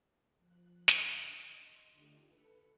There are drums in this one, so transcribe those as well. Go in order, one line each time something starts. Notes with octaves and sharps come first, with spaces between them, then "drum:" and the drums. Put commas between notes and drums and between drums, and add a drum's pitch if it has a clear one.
F3 F#6
D3, drum: snare
D#5 C6
D3 A3 D4 D#4 F4 G4
A4 B4 C#7